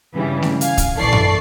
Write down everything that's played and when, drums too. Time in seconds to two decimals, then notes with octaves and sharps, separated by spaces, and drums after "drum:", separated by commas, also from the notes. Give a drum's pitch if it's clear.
0.15 G2 C#3 E3 G3
0.42 drum: snare A3
0.61 F5 G#5, drum: hi-hat
0.77 drum: kick, hi-hat
0.95 A#1 E3 A4 D5 C#6 C7
1.12 drum: tom F#2